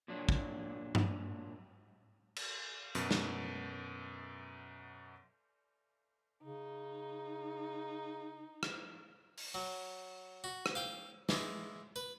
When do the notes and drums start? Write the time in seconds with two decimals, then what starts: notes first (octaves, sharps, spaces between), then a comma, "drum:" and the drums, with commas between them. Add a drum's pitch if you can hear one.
0.08 A#2 F#3 D4
0.29 drum: kick
0.95 drum: tom G2
2.36 drum: cymbal
2.95 F#2 B2, drum: hi-hat
3.11 drum: snare
6.43 C#3 D#4
8.63 drum: rim click
9.38 drum: open hi-hat
9.54 F#3
10.44 F#4
10.66 drum: rim click
10.75 F5 G5
11.29 E3 G#3, drum: snare
11.96 B4